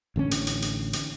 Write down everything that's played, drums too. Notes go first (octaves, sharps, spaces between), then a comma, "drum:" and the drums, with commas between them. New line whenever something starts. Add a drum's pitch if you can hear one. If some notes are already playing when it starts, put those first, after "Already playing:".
A1 D3 A3 C#4
drum: hi-hat
drum: hi-hat
drum: hi-hat
drum: hi-hat